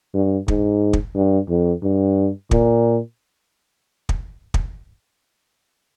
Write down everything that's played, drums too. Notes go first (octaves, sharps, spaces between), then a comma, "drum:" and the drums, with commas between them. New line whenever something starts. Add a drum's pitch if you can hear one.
G2
G#2, drum: kick
drum: kick
G2
F2
G2
A#2, drum: kick
drum: kick
drum: kick